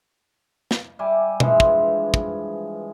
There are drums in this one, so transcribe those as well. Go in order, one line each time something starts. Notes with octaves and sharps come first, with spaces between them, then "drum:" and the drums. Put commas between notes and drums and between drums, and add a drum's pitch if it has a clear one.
drum: snare
G3 E5 G#5 D6
G2 E3 F3 G#3, drum: tom B2
drum: kick
drum: kick